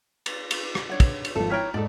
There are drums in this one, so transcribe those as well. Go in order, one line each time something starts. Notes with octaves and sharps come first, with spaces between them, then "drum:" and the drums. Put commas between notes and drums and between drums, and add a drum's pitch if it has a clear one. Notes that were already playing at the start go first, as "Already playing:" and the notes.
drum: cymbal
drum: cymbal
drum: rim click
D4 C#5 F#5
drum: kick, cymbal
drum: cymbal
G#1 F3 A4
E4 C#5 G5 A#5 F6 B6
G#2 A4 D5